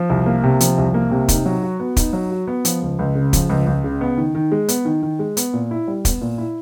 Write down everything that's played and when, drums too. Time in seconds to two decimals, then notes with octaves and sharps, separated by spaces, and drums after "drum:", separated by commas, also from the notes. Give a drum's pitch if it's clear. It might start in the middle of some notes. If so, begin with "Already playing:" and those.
Already playing: F3
0.10 C2
0.26 A#3
0.44 C3
0.60 F3, drum: hi-hat
0.78 C2
0.94 A#3
1.11 C3
1.28 D#4, drum: kick, hi-hat
1.46 F#3
1.63 F#4
1.80 B3
1.97 D#4, drum: kick, hi-hat
2.13 F#3
2.31 F#4
2.48 B3
2.65 F3, drum: hi-hat
2.82 C#2
2.99 C#2
3.15 C#3
3.33 F3, drum: kick, hi-hat
3.49 C#2
3.67 C#2
3.84 C#3
4.01 B3
4.17 D#3
4.35 D#3
4.52 G#3
4.68 B3, drum: hi-hat
4.85 D#3
5.03 D#3
5.19 G#3
5.37 B3, drum: hi-hat
5.53 A#2
5.71 E4
5.88 G3
6.05 B3, drum: kick, hi-hat
6.21 A#2
6.38 E4